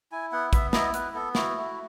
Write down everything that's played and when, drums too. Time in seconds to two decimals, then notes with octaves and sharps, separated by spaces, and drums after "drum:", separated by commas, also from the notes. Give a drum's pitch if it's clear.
0.12 E4 G#5
0.32 B3 F#5
0.53 B3 E5, drum: kick, hi-hat
0.73 E4 D#5, drum: snare
0.94 B3 B4, drum: hi-hat
1.14 B3 A4
1.35 E4 F#4, drum: snare
1.55 A3